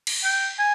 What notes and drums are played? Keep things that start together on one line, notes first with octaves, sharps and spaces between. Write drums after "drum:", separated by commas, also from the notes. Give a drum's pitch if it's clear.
drum: cymbal
G5
G#5